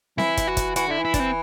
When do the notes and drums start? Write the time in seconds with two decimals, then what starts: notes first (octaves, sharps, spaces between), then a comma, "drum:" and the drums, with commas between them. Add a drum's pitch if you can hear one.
0.18 E3 E4, drum: snare C4
0.37 drum: kick, hi-hat
0.47 F#4
0.57 drum: kick, hi-hat
0.76 E3 F#4, drum: hi-hat
0.87 D3 E4
0.99 E3
1.05 E4
1.14 D4, drum: kick, hi-hat
1.20 C4